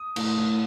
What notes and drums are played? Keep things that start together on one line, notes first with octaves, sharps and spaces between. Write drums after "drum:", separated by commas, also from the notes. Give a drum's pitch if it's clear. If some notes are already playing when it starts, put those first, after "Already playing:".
Already playing: D#6
A2, drum: cymbal
A2